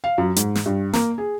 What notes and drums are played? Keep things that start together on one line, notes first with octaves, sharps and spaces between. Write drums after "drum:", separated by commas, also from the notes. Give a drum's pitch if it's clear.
F5
F#2
G#2, drum: hi-hat
drum: snare
G2
A#3, drum: snare
G#4